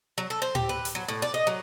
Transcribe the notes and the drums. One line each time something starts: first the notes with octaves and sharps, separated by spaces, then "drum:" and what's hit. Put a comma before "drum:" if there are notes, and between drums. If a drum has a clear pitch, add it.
F#3
A4
C5
G4, drum: tom A2
B4
drum: hi-hat
F#3
A2
D5
D#5
F#3